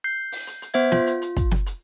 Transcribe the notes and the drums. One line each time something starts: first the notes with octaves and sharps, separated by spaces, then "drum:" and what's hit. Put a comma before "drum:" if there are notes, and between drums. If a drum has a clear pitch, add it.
G6 C7
drum: open hi-hat
drum: hi-hat
drum: hi-hat
B3 C5 E5 G#6
F4, drum: snare
drum: hi-hat
drum: hi-hat
drum: kick, hi-hat
drum: snare
drum: hi-hat